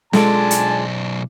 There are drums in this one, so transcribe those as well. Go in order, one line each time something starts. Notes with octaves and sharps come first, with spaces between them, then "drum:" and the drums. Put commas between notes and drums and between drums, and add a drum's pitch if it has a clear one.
B1 G#3 D4 F4 A4 D5 G#5 A5, drum: snare
drum: hi-hat